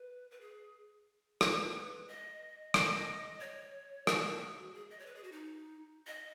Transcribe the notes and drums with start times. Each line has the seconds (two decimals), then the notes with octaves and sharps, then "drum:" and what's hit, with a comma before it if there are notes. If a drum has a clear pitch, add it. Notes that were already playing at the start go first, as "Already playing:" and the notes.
Already playing: B4
0.31 B4
0.41 G#4
1.41 B4, drum: rim click
2.08 D#5
2.74 D#5, drum: rim click
3.40 C#5
4.07 F#4, drum: rim click
4.74 G#4
4.90 D#5
4.99 C#5
5.06 B4
5.15 G#4
5.23 F#4
5.32 D#4
6.06 D#5